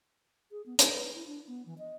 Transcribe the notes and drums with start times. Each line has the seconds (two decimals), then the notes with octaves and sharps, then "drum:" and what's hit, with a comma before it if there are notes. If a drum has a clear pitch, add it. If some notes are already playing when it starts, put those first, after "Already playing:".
0.51 G#4
0.66 B3
0.79 D#4, drum: hi-hat
0.91 B4
1.15 E4
1.27 D4
1.47 B3
1.66 E3
1.79 D#5